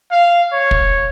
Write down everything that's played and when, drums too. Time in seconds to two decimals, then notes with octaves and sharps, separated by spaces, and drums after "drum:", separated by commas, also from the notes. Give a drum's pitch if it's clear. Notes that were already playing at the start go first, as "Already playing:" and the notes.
0.11 F5
0.52 C#5
0.71 drum: kick